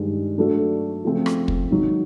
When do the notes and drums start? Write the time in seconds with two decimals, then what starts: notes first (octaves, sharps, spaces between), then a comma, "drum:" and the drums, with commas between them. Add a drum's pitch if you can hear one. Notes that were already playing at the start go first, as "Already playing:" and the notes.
Already playing: G2 D#3 G#3
0.38 F#3 A3 D4 F#4 A4
1.04 C#3 F3 A3 C4
1.26 drum: rim click
1.48 drum: kick
1.70 G#2 D#3 F#3